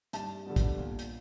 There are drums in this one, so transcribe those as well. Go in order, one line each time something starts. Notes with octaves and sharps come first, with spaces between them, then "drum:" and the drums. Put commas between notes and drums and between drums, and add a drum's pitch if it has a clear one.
G2 A5, drum: hi-hat
D3 G3 B3
drum: kick, hi-hat
A#2
drum: hi-hat